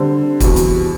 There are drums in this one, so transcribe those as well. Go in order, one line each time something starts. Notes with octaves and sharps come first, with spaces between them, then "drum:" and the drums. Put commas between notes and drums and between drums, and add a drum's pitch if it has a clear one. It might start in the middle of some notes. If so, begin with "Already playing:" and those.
Already playing: D3 G3 C4
E2 B2 G3, drum: kick, hi-hat
drum: hi-hat